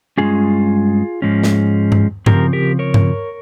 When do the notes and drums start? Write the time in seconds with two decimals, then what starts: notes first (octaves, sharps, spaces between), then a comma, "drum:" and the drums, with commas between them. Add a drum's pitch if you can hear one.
0.18 G2 F3 G#3 C#4 F4 G#4
1.22 G#2 F3 G#3 C#4
1.43 drum: snare
1.92 drum: tom G2
2.26 C#3 F3 C4 G4 A#4, drum: tom G2
2.53 G4 A#4
2.79 A#4 C#5
2.94 drum: tom G2